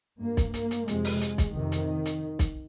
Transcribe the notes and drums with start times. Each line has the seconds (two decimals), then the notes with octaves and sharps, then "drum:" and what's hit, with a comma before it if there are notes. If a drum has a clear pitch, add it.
0.20 G2 A#3
0.37 drum: kick, hi-hat
0.54 A#3, drum: hi-hat
0.71 drum: hi-hat
0.88 F2 C3 G#3, drum: hi-hat
1.04 drum: open hi-hat
1.21 drum: hi-hat
1.38 drum: kick, hi-hat
1.55 F2 C3 D#3
1.72 drum: hi-hat
2.06 drum: hi-hat
2.39 drum: kick, hi-hat